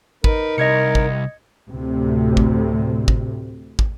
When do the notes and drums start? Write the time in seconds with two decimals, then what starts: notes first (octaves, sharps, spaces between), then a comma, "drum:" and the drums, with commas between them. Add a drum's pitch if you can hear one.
0.24 D#4 A#4 B4, drum: kick
0.58 C2 D#5 G#6 C#7
0.95 drum: kick
1.71 D2 A2 C3
2.37 drum: kick
3.08 drum: kick
3.79 drum: kick